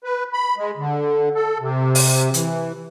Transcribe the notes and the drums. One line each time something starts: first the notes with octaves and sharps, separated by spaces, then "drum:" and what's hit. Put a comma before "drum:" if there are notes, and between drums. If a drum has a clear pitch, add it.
B4
B5
G#3
D3
A4
C3
drum: open hi-hat
E3, drum: hi-hat